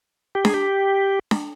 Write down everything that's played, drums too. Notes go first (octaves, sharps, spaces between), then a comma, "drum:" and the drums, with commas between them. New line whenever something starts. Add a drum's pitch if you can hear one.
G4
G#4, drum: snare D4
G4
drum: snare D4